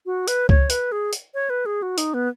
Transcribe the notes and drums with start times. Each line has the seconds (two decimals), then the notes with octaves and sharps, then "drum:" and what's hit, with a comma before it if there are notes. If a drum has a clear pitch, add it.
0.06 F#4
0.28 B4, drum: hi-hat
0.49 C#5, drum: kick C#2
0.70 B4, drum: hi-hat
0.92 G#4
1.13 drum: hi-hat
1.34 C#5
1.50 B4
1.66 G#4
1.82 F#4
1.98 D#4, drum: hi-hat
2.14 B3